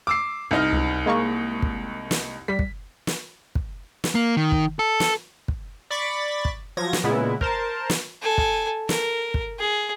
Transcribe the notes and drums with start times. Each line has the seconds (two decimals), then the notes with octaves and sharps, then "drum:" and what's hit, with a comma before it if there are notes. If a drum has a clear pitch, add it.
0.07 D6 E6 C7
0.51 C2 D#4 F6
0.72 C#2
1.06 G#3 A#3 C#6
1.63 drum: kick
2.11 drum: snare
2.48 G3 B6
2.59 drum: kick
3.07 drum: snare
3.55 drum: kick
4.04 drum: snare
4.15 A#3
4.37 D#3
4.52 drum: kick
4.79 A4
5.00 drum: snare
5.48 drum: kick
5.90 D5 B5 C#6 A6 B6
6.45 drum: kick
6.77 F3 F#3 G#6 A#6
6.93 drum: snare
7.04 A#2 C#3 G#3 B3 E4
7.41 A#4 C5 A5, drum: kick
7.90 drum: snare
8.22 A4 G#5
8.38 drum: kick
8.89 A#4, drum: snare
9.34 drum: kick
9.60 G#4